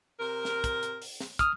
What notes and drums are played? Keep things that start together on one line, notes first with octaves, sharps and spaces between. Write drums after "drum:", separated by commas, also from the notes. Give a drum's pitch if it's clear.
C3 A#4
drum: snare
drum: kick, hi-hat
drum: hi-hat
drum: open hi-hat
drum: snare
D#6 F6, drum: kick, hi-hat